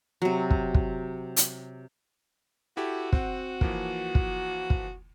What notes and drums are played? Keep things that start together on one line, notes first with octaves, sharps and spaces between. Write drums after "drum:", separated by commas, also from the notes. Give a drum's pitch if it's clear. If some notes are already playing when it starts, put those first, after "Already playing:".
C3 F#3
drum: kick
drum: kick
drum: hi-hat
E4 F#4 G4 A4
C4 F#5, drum: kick
E3 F3 A#3, drum: kick
drum: kick
drum: kick